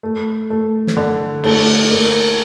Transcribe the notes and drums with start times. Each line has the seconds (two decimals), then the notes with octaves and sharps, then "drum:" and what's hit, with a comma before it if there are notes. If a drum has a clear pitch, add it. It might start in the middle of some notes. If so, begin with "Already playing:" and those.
0.03 A3
0.50 A3
0.87 drum: snare
0.97 D3
1.44 A3, drum: cymbal
1.91 A#3